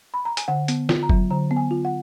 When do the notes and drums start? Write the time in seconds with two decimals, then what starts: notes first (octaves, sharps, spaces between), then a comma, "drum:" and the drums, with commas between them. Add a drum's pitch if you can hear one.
0.14 B5
0.25 A#5
0.37 G#5, drum: hi-hat
0.48 D3 F#5
0.68 B3, drum: hi-hat
0.89 F4, drum: snare
1.03 A#5
1.09 F#3, drum: kick F#1
1.30 D3 A#5
1.51 B3
1.57 G#5
1.71 F4
1.85 F#5